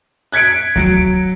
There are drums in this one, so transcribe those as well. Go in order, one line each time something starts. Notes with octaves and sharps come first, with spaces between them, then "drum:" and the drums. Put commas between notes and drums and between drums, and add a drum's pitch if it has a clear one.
F#6 G#6 B6 C#7 D7
F#3 C#7 D7, drum: kick
drum: kick